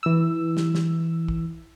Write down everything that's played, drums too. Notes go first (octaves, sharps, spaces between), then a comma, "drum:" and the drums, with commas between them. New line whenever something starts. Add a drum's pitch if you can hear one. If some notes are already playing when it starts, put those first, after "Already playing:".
E3 E6
drum: snare
drum: snare
drum: kick